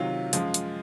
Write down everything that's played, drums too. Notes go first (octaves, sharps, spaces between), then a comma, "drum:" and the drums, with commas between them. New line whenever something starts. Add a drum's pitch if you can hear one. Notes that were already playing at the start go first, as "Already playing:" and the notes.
Already playing: C3 D#3 F#3 F4
F#2 F3 G#3, drum: hi-hat
drum: hi-hat